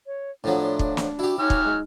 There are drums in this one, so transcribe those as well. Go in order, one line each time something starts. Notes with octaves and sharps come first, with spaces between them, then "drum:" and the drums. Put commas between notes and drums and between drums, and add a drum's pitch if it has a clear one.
C#5
A2 F3 F#3 D4
drum: kick
drum: snare
E4 F#4 G4
F#3 D#4 C#5 G#5 F6
drum: kick
G#3